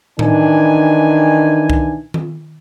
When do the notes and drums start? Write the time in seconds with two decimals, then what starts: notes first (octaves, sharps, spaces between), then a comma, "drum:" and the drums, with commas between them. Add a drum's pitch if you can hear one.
0.19 D#3 E3 D4 G#5, drum: tom A2
1.70 drum: kick C2
2.14 drum: tom D#3